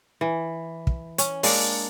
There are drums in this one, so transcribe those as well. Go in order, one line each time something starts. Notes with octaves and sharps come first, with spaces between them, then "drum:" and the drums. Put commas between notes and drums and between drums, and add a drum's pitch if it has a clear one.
E3
drum: kick
C#4, drum: hi-hat
G#3 A#3 D4 D5, drum: open hi-hat